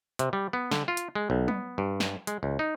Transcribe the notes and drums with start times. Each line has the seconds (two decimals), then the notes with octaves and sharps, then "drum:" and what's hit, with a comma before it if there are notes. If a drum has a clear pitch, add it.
0.19 C3, drum: hi-hat
0.33 G3
0.53 B3
0.71 D3, drum: snare
0.88 F4
0.97 drum: hi-hat
1.15 G#3
1.30 B1
1.48 B3, drum: tom F#3
1.78 G2
2.00 drum: snare
2.27 G#3, drum: hi-hat
2.43 C#2
2.59 D#4